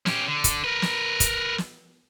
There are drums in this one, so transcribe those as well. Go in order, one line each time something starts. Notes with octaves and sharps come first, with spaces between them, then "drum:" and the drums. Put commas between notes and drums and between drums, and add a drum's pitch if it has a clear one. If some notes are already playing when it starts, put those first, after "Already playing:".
C#4 G4, drum: snare
D3
drum: kick, hi-hat
A#4 B4
drum: snare
drum: kick, hi-hat
drum: snare